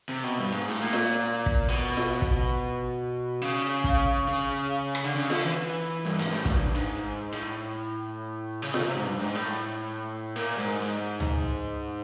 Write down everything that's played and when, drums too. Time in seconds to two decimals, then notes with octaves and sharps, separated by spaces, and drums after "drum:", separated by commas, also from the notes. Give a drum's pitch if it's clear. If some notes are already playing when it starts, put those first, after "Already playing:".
0.09 C3
0.24 B2
0.38 G2
0.52 G#2
0.67 A2
0.81 A#2
0.93 drum: snare F4
1.46 drum: kick
1.68 B2
1.97 drum: snare F4
2.22 drum: kick
3.42 C#3
3.84 drum: kick
4.28 C#3
4.95 drum: rim click
5.04 D3
5.15 C#3
5.30 D3, drum: snare F4
5.44 E3
6.05 G2
6.19 G#2, drum: hi-hat
6.32 A2
6.45 A#2, drum: kick
6.60 G2
6.74 G#2
7.32 A2
8.62 C#3
8.74 C3, drum: snare F4
8.79 C#3
8.84 C3
8.95 G#2
9.06 G2
9.20 G#2
9.35 A2
10.36 A#2
10.58 G#2
10.80 G#2
11.20 drum: tom C#2